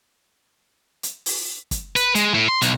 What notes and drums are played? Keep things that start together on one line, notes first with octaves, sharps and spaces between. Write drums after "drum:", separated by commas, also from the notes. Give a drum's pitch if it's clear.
drum: hi-hat
drum: open hi-hat
drum: kick, hi-hat
B4, drum: hi-hat
G#3, drum: hi-hat
A2
C6
B1, drum: hi-hat